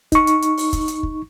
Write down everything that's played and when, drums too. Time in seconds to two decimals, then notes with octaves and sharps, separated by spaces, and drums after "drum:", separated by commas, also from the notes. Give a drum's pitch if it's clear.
0.12 D#4 C#6, drum: kick, hi-hat
0.27 drum: hi-hat
0.42 drum: hi-hat
0.58 drum: open hi-hat
0.73 drum: kick, hi-hat
0.88 drum: hi-hat
1.03 drum: kick